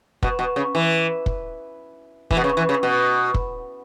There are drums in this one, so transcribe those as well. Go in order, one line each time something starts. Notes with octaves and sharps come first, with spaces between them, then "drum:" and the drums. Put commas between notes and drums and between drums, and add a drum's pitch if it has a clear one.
B2, drum: kick
B2
C#3
E3
drum: kick
E3, drum: kick
B2
C#3
E3
C#3
B2
drum: kick